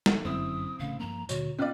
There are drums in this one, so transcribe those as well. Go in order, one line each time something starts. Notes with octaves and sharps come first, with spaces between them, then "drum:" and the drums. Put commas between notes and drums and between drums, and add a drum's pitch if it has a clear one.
drum: snare
G1 F#2 D3 C4 E4 D#6
A1 C#3 A3 F5
G2 F3 A#3 A#5
D2 A#2 D3 F#4 C#5, drum: tambourine
B1 B3 C#4 F4 D5 F6